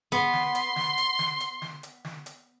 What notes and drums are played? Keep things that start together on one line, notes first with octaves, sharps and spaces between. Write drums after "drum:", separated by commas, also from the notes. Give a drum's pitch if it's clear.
B3 C6, drum: hi-hat
drum: snare
drum: hi-hat
drum: snare
drum: hi-hat
drum: snare
drum: hi-hat
drum: snare
drum: hi-hat
drum: snare
drum: hi-hat